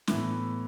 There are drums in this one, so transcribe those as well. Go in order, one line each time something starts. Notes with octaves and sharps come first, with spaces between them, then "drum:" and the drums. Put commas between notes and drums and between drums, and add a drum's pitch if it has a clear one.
A2 E3 B3 E4, drum: snare